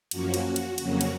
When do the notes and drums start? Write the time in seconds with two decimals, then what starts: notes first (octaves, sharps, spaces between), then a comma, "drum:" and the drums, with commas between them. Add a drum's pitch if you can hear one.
0.11 F#2 F3 A#3 C#4 F#4, drum: cymbal
0.34 drum: cymbal
0.56 drum: cymbal
0.78 F2 C#3 F#3 A#3 C#4 F#4, drum: cymbal
1.01 drum: cymbal